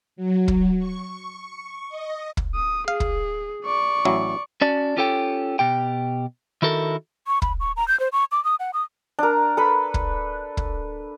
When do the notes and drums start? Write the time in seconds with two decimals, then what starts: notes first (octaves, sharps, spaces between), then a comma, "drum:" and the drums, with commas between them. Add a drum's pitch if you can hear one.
0.16 F#3
0.48 drum: kick
0.78 C#6
1.88 D#5
2.37 drum: kick
2.55 D#6
2.88 G#4 F5
3.00 drum: kick
3.65 D5 C#6
4.05 A1 F#3 E4
4.61 C#4 F#4 D5 A5
4.97 C#4 F4 G4 A4 C#5 G5
5.59 B2 G4 G5
6.62 D#3 E4 F#4 A4 A#4
7.27 C#6
7.42 B5, drum: kick
7.60 C#6
7.77 A#5
7.88 G6
8.00 C5
8.13 C#6
8.32 D6
8.45 D#6
8.60 F#5
8.74 D#6
9.19 D4 A#4
9.57 A4 B4 B5
9.94 drum: kick
10.57 drum: kick